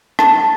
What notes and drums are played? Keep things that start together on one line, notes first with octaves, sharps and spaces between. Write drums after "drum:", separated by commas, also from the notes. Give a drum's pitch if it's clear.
A5, drum: rim click